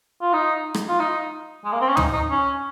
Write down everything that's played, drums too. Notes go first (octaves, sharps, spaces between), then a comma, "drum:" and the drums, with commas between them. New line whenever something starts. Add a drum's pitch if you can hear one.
F4
D#4
drum: rim click
F4
D#4
G#3
A#3
C4
C#4
D#4, drum: tom
D#4
C#4